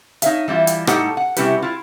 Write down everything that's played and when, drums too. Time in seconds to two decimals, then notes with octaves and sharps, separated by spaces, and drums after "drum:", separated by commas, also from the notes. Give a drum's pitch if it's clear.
0.22 D#4 C#5 E5 F5, drum: hi-hat
0.48 E3 G3 E4 F4
0.67 drum: hi-hat
0.87 A2 G3 D#4 G4 A4 F#5, drum: rim click
1.17 F#5
1.36 C3 G3 C#4 E4 G4 B4, drum: hi-hat
1.62 E4 F4